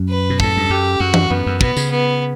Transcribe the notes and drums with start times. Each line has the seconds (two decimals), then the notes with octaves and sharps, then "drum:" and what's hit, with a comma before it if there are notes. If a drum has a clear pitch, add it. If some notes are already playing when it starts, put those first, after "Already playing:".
Already playing: F#2
0.10 B4
0.30 B2
0.40 A2 A4, drum: kick
0.57 G2
0.70 F#2 G4
1.00 F#2 F#4
1.14 drum: tom
1.30 F#2 B3
1.46 F#2
1.61 B2 B3, drum: kick
1.77 C#3, drum: tambourine
1.91 B3